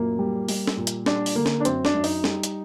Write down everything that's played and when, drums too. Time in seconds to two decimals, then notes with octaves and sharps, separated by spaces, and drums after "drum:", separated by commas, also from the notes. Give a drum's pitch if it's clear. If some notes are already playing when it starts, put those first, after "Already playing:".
Already playing: F#2 A#2 A#3
0.19 G3
0.48 G3, drum: open hi-hat
0.67 drum: snare
0.77 A#2
0.87 drum: hi-hat
1.06 G3 D4, drum: snare
1.26 drum: open hi-hat
1.35 D3 A#3
1.46 drum: snare
1.60 D4
1.65 F#2 C4, drum: hi-hat
1.85 D4, drum: snare
1.94 F#2
2.04 D#4, drum: open hi-hat
2.24 G3, drum: snare
2.43 drum: hi-hat